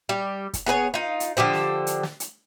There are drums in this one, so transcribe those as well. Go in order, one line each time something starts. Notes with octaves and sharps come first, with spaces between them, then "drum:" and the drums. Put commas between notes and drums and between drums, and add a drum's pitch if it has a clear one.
G3 G4
drum: kick, hi-hat
B3 G#4 B4 C#5
D#4 F4
drum: hi-hat
D3 F3 G4 C5
drum: snare
drum: hi-hat
drum: snare
drum: hi-hat